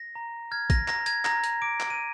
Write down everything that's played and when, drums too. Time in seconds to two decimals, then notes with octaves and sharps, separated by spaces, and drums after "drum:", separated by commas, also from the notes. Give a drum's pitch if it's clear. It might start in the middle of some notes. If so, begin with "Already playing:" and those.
Already playing: A#6
0.15 A#5
0.51 F6 G#6
0.70 A#6, drum: kick, hi-hat
0.88 A#5 A#6, drum: clap
1.06 G#6, drum: hi-hat
1.25 A#5 A#6, drum: clap
1.44 drum: hi-hat
1.62 D6 D7
1.80 drum: clap
1.90 D#7